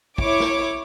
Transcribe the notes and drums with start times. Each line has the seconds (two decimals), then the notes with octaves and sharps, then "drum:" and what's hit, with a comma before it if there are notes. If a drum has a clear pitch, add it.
0.18 E4 C#5 D6, drum: kick
0.40 drum: snare